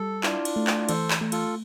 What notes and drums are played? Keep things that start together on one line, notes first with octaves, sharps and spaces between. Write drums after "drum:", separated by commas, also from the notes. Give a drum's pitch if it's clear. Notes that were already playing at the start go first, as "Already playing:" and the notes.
Already playing: G3 A4
D4 E4 F4, drum: clap
drum: cymbal
A3
drum: clap
E3 A4 C5, drum: cymbal
drum: clap
A3
F4 A4, drum: cymbal